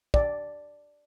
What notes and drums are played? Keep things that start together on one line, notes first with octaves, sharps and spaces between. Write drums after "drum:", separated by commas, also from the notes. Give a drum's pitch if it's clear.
D5, drum: kick